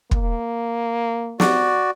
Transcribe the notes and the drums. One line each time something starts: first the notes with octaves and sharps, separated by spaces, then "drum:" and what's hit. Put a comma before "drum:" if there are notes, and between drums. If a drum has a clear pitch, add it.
A#3, drum: kick
F#4 D5, drum: snare